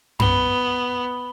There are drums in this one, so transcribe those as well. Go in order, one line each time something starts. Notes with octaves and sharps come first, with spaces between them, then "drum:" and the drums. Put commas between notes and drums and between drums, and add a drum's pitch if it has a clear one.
B3 B5 G7, drum: tom F#2